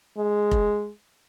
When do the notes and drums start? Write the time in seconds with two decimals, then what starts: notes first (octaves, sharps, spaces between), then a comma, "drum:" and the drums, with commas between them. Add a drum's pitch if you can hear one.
0.18 G#3
0.51 drum: kick F1